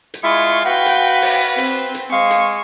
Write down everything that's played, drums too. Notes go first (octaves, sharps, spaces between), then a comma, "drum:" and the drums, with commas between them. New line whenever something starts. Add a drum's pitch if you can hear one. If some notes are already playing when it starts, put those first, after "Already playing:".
drum: hi-hat
G#3 E4 F4 C#6
F#4 B4 F5 G5
drum: hi-hat
drum: open hi-hat
C4, drum: hi-hat
drum: hi-hat
G#3 F5 C#6
drum: hi-hat